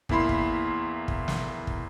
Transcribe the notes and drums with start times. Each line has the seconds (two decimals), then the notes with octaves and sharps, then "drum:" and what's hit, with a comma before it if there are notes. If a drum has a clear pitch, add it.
0.09 E2 A#3 E4 B5 C6, drum: kick
0.29 drum: kick
1.08 drum: kick
1.28 drum: snare
1.67 drum: kick